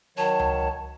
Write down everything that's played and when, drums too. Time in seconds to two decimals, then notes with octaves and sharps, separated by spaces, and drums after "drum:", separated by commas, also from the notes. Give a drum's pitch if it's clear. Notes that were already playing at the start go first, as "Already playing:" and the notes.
0.17 D#3 F#3 C#5 A5
0.39 drum: tom C#2